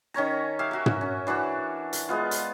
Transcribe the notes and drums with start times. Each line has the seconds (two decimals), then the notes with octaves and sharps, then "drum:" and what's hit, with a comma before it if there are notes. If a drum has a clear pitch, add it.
0.14 D#3 C#4 C#5 A#5
0.59 G4 E5 F5
0.71 F#4 A#4
0.86 drum: tom
1.01 C#4
1.27 E3 D4 F#4 C#5
1.93 drum: hi-hat
2.09 G#3 B3 F4
2.31 drum: hi-hat